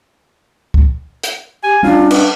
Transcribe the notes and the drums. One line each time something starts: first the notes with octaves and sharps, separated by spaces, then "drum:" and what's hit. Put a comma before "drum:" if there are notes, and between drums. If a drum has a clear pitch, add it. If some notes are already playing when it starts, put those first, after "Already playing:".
drum: kick
drum: hi-hat
G4 G#5
G3 C#4 D4 F4
B4, drum: cymbal